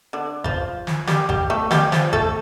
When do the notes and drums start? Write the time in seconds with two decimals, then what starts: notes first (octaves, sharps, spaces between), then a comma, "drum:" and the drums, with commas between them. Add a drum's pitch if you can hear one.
0.13 D3 D4
0.44 F3 F4, drum: kick G#1
0.87 drum: snare
1.07 G3 G4, drum: snare
1.29 G3 G4, drum: kick G#1
1.50 A3 A4
1.71 G3 G4, drum: snare
1.92 F3 F4, drum: snare
2.13 A3 A4, drum: kick G#1